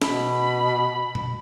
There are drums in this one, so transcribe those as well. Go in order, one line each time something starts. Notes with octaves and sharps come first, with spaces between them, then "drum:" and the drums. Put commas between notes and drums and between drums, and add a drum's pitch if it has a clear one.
B2 B5, drum: snare
drum: tom A#2